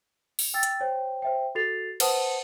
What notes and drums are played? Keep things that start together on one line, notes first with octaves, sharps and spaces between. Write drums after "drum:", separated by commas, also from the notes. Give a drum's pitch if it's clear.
drum: open hi-hat
G5 E6 A6
drum: hi-hat
C5 C#5 G5
C5 E5 G5
F#4 A4 A6 C7 F7
B4 C5 F#5 A5 D#6, drum: cymbal